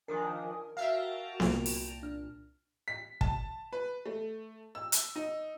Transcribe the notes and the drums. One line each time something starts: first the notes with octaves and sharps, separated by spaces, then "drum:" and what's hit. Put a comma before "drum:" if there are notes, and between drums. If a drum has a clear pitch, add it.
D#3 F3 D4 A#4 G#5 D#6
F#4 E5 F5 G5 A5 A#5
C2 A#2, drum: snare B3
drum: open hi-hat
D4 F6
B6
A5, drum: kick
B4
A3
E6
drum: hi-hat
D#4